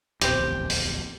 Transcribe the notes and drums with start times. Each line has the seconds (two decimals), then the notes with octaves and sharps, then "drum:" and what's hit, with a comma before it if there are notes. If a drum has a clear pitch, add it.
0.21 D1 A#1 E2 C4 G4, drum: hi-hat
0.70 drum: open hi-hat